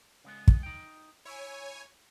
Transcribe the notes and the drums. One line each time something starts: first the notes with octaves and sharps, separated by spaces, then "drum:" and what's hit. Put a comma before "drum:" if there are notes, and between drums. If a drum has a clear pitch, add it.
C#3 G#3 B3
drum: kick
D#4 G5
E4 C#5 G#5